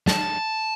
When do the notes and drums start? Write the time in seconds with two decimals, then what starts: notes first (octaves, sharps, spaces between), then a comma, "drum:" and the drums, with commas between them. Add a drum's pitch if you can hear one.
0.08 A5, drum: snare